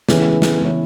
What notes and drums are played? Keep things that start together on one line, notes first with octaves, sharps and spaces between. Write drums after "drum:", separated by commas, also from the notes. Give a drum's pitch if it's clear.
C#3 E3 B3 E4 C#5, drum: snare
drum: snare
C#3 E3 B3 E4 C#5